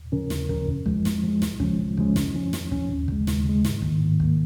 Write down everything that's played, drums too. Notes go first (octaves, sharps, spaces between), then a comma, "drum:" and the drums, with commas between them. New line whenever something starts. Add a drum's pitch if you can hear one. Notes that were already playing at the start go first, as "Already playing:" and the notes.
Already playing: D#2
C#3 F3 C#4 A#4
D#2, drum: snare
C#3 F3 C#4 A#4, drum: kick
F2
F3 G#3, drum: kick
F2, drum: snare
F3 G#3
C#2, drum: snare
C#3 F3 G#3 C#4, drum: kick
C#2
C#3 F3 G#3 C#4, drum: kick
F2, drum: snare
F3 C#4
F2, drum: snare
F3 C#4, drum: kick
D#2
C#3 G#3, drum: kick
D#2, drum: snare
C#3 G#3
G#2, drum: snare
D#3 A#3, drum: kick
G#2
D#3 A#3, drum: kick